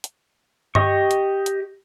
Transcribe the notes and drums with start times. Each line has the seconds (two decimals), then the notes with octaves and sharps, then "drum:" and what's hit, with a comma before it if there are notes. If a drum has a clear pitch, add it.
0.04 drum: hi-hat
0.75 G4 D#5 C#6, drum: tom G2
1.11 drum: hi-hat
1.46 drum: hi-hat